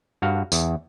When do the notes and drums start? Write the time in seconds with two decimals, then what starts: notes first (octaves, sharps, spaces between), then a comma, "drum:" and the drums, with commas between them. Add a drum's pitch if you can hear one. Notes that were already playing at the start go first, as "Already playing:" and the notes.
0.22 G2 F#4 F5
0.52 E2, drum: tambourine